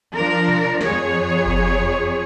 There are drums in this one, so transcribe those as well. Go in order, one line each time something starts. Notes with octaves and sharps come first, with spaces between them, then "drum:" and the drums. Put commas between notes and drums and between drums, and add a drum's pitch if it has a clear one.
F3 D4 A#4
drum: tom B2
F2 G#4 C#5, drum: snare
drum: kick F#1